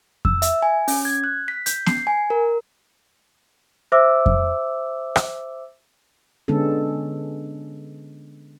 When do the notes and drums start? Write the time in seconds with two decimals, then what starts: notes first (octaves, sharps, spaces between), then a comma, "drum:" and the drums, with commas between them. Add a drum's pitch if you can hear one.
0.25 E6, drum: kick F2
0.42 E5, drum: hi-hat
0.62 G#5
0.88 C#4, drum: open hi-hat
1.05 G#6
1.24 F#6
1.48 B6
1.66 G6, drum: hi-hat
1.86 C7, drum: snare
2.07 G#5
2.30 A#4
3.92 C5 E5 D6 E6
4.26 drum: kick F2
5.16 drum: rim click
6.48 D3 G#3 B3 C#4 A4